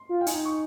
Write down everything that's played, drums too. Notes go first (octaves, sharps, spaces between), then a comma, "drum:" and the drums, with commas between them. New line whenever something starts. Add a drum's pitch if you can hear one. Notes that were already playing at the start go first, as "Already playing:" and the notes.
Already playing: C6
F4
G5
D#4 G#5, drum: hi-hat
C#6